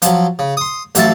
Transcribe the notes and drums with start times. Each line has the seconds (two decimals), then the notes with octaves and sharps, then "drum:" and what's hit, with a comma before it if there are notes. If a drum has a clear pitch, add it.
0.02 F3 F#3, drum: hi-hat
0.39 C#3
0.57 C6 D#6
0.95 A1 F#3 E5 F5 A5, drum: hi-hat